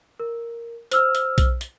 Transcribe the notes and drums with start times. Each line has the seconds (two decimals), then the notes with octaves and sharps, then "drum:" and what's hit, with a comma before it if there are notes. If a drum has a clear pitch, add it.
0.20 A#4
0.92 C5 E6 F6, drum: hi-hat
1.15 drum: hi-hat
1.38 drum: kick B1, hi-hat
1.61 drum: hi-hat